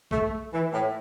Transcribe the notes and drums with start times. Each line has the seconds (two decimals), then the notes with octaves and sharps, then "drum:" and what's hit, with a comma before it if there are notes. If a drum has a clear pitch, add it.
0.11 A3, drum: kick B1
0.53 E3
0.73 A2